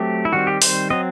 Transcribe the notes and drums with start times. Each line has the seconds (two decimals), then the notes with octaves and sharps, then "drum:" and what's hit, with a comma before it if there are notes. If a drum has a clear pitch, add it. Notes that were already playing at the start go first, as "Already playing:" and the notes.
Already playing: F#3 A3 C4 G4
0.25 E4
0.32 D#3 G3 C4 F#4
0.47 G4
0.62 C5, drum: open hi-hat
0.90 F#3 C4 D#5